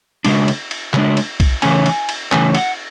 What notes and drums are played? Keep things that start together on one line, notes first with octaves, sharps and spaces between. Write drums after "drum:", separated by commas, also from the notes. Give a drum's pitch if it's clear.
C#3 G#3 D4, drum: cymbal
drum: cymbal
drum: cymbal
C#3 G#3 D4, drum: clap
drum: cymbal
drum: kick B1, cymbal
C#3 E3 A3 C#4 G#5, drum: cymbal
drum: cymbal
drum: cymbal
C#3 E3 A3 C#4 G#5, drum: clap
F#5, drum: cymbal